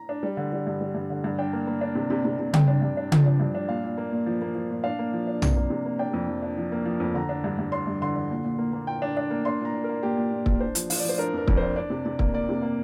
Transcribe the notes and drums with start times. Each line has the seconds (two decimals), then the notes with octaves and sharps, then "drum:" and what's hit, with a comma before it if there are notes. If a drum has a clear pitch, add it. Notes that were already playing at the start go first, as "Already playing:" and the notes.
Already playing: A#5
0.09 D4
0.23 G3
0.37 D3
0.52 G3
0.67 G2
0.81 G3
0.95 G2
1.10 D3
1.24 G2
1.38 D4 G5
1.53 A#3
1.67 A#3
1.81 D4
1.95 C3
2.10 C3
2.25 C3
2.39 C3
2.53 G2 G5, drum: tom C#3
2.68 D4
2.82 G2
2.97 D4
3.12 F3, drum: tom C#3
3.26 D4
3.40 G2
3.55 D4
3.69 A#2 F5
3.84 A#2
3.98 A#3
4.12 A#2
4.26 F3
4.42 A#3
4.55 F3
4.70 A#2
4.84 D4 F5
4.99 A#3
5.13 F3
5.27 D4
5.42 C3, drum: tom
5.57 A#3
5.70 C3
5.86 A#3
5.99 D4 G5
6.13 F2
6.28 F3
6.43 D4
6.58 F3
6.72 A#3
6.85 F3
7.00 F2
7.14 D3 A#5
7.29 D4
7.44 G2
7.59 G2
7.72 D4 C6
7.87 G2
8.02 D3 C6
8.16 D3
8.31 A#2
8.44 A#2
8.58 A#3
8.73 A#3
8.87 A#2 G5
9.02 D4
9.17 D4
9.31 A#3
9.45 D4 C6
9.61 A#2
9.65 A#5
9.74 A#2
9.84 A#4
9.89 A#3
10.03 A#2 G4
10.17 A#2
10.33 A#2
10.46 A#2, drum: kick
10.60 D4 C5
10.75 F3, drum: hi-hat
10.90 F3 F5, drum: open hi-hat
11.00 D5
11.05 F3 C5
11.18 D4 A#4
11.33 F2 A#4
11.48 F2, drum: kick
11.57 C5
11.62 D4
11.76 D4 D5
11.90 C3
12.06 C3
12.19 A#3, drum: kick
12.34 A#3 D5
12.49 C3
12.62 A#3